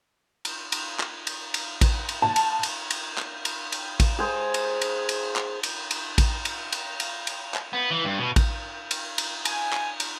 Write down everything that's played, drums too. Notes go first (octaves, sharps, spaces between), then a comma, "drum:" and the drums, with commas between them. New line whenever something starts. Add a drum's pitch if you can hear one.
drum: cymbal
drum: cymbal
drum: clap
drum: cymbal
drum: cymbal
drum: kick A1, cymbal
drum: cymbal
A5
drum: cymbal
drum: cymbal
drum: cymbal
drum: clap
drum: cymbal
drum: cymbal
drum: kick A1, cymbal
G#4 C5
drum: cymbal
drum: cymbal
drum: cymbal
drum: clap
drum: cymbal
drum: cymbal
drum: kick A1, cymbal
drum: cymbal
drum: cymbal
drum: cymbal
drum: cymbal
drum: clap
B3
E3
G2
B2
drum: kick A1, cymbal
drum: cymbal
drum: cymbal
G#5, drum: cymbal
drum: clap
drum: cymbal